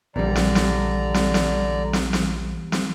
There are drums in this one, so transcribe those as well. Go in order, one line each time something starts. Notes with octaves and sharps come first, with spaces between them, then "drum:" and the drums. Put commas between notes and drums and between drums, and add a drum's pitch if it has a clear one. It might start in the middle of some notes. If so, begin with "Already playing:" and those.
A#1 E2 D3 G3 D5 A#5
drum: snare
drum: snare
drum: snare
drum: snare
drum: snare
drum: snare
drum: snare